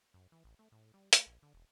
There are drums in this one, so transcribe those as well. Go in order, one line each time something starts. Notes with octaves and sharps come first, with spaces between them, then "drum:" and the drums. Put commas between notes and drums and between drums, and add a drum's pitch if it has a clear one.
F#2
E3
A1
A3
A2
G3
A3, drum: hi-hat
A#1
D3
E1